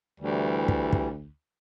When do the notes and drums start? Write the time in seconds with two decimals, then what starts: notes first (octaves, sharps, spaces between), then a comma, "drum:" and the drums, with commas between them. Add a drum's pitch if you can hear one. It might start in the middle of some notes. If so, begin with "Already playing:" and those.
0.20 D2 E3 G3
0.68 drum: kick
0.93 drum: kick